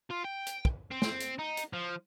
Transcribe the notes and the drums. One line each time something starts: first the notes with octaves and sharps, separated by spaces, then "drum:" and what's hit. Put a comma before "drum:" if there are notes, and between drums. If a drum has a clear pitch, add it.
F4
G5
drum: hi-hat
drum: kick
C4
drum: snare
drum: hi-hat
D#4
drum: hi-hat
F3